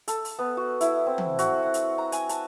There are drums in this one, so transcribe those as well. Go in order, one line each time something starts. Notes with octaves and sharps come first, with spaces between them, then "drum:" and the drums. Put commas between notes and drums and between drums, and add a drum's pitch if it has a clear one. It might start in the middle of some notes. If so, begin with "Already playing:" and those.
A4, drum: hi-hat
drum: open hi-hat
B3
F#4
E4, drum: hi-hat
C4
drum: tom E3
F#4, drum: hi-hat
F#5
drum: hi-hat
A#5
G#5, drum: hi-hat
A5, drum: hi-hat